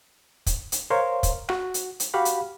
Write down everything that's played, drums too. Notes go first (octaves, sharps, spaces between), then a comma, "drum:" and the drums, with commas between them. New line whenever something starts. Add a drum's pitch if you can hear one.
drum: kick, hi-hat
drum: hi-hat
A#4 C5 C#5 F5 C6
drum: kick, hi-hat
F#4 F#5, drum: rim click
drum: hi-hat
drum: hi-hat
F#4 G4 F5 F#5 B5
drum: hi-hat